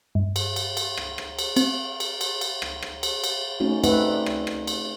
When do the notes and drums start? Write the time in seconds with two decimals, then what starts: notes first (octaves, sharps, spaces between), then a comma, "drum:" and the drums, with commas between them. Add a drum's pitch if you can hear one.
0.15 G2
0.36 drum: cymbal
0.56 drum: cymbal
0.77 drum: cymbal
0.97 drum: rim click
1.18 drum: rim click
1.39 drum: cymbal
1.56 C4, drum: cymbal
2.00 drum: cymbal
2.21 drum: cymbal
2.41 drum: cymbal
2.62 drum: rim click
2.82 drum: rim click
3.03 drum: cymbal
3.24 drum: cymbal
3.60 A3 C4 C#4 D#4 F#4
3.84 A3 C4 D#4 B4 E5 F#5, drum: cymbal
4.09 D5
4.26 drum: rim click
4.47 drum: rim click
4.67 drum: cymbal